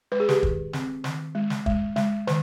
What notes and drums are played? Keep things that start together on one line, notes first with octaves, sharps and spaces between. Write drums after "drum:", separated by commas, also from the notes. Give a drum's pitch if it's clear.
G#3 B4
G#4
G4 B4, drum: snare
D#3, drum: kick
C4, drum: snare
D#3, drum: snare
G#3
drum: snare
G#3, drum: kick
G#3, drum: snare
D#3, drum: snare